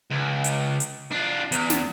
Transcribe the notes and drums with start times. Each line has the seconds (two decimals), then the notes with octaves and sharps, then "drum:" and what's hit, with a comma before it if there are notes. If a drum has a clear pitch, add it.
0.10 C#2
0.44 drum: hi-hat
0.80 drum: hi-hat
1.12 D4 F4
1.52 E2, drum: hi-hat
1.70 drum: snare